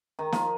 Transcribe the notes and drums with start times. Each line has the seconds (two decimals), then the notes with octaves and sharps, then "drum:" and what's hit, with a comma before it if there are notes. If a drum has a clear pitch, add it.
0.19 D#3
0.33 F3, drum: snare